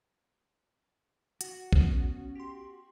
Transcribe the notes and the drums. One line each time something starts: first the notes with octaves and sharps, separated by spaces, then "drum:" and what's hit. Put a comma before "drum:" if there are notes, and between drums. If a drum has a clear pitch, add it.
F#4, drum: hi-hat
B3 C#4, drum: kick B1
G4 C6